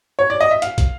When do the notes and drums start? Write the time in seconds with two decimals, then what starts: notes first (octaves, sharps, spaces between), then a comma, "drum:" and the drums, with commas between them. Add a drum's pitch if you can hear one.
0.19 C#5
0.30 D5
0.41 D#5
0.51 E5
0.62 F5, drum: hi-hat
0.78 drum: kick, hi-hat